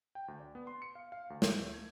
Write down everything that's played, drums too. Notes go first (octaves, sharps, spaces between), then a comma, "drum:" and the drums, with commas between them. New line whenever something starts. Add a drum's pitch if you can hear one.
G5
D2
D5
B3
C6
C#7
F5
F5
D2
G6, drum: snare
A3
G#6